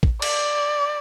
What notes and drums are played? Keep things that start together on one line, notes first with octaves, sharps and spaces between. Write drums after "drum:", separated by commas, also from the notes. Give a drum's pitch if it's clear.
drum: kick
D5, drum: cymbal